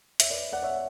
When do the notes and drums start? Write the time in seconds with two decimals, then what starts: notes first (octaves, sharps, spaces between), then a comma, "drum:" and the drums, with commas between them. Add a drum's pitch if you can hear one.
0.20 C#5 E5, drum: hi-hat
0.30 B4 D5
0.53 D5 F#5
0.63 C#5 E5